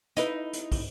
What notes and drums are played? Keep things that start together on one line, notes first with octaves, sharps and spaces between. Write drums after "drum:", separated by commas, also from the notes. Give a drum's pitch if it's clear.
D#4 E4 B4, drum: hi-hat
drum: hi-hat
drum: kick, open hi-hat